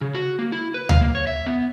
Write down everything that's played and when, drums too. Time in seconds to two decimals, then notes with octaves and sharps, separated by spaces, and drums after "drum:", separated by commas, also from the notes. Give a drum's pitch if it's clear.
0.01 C#3
0.14 F#4
0.39 A#3
0.52 E4
0.74 B4
0.89 F5, drum: tom D2
1.01 A#3
1.15 C#5
1.27 E5
1.46 B3